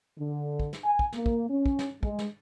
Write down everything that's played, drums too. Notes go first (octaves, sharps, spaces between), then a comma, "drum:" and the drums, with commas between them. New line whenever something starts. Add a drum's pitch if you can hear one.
D3
drum: kick
drum: snare
G#5
drum: kick
A#3, drum: snare
drum: kick
C#4
drum: kick
drum: snare
G#3, drum: kick
drum: snare